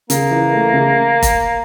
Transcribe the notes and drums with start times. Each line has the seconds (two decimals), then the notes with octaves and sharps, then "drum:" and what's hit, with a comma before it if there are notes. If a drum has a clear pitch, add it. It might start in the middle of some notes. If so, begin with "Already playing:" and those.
0.10 C#3 A#3, drum: hi-hat
0.31 E3
0.53 A3
0.74 C#3
1.23 drum: kick, hi-hat